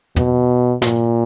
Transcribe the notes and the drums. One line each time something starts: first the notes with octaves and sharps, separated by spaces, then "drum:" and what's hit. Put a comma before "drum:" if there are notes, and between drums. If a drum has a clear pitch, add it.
B2, drum: tom
A#2, drum: snare